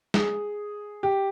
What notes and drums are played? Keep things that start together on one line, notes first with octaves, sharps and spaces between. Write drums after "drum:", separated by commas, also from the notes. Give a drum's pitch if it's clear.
G#4, drum: snare
G4